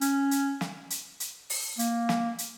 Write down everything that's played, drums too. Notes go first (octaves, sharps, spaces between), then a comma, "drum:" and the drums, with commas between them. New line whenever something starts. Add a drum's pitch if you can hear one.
C#4, drum: hi-hat
drum: hi-hat
drum: snare
drum: hi-hat
drum: hi-hat
drum: open hi-hat
A#3, drum: hi-hat
drum: snare
drum: hi-hat